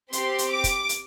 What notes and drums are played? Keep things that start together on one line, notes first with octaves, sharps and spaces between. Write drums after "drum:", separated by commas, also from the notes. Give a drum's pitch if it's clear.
C4 G4 C6, drum: hi-hat
drum: hi-hat
D6
drum: kick, hi-hat
drum: hi-hat